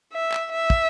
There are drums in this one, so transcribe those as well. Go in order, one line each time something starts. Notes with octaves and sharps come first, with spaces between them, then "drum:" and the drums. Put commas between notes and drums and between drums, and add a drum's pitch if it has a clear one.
E5
drum: clap
E5
drum: kick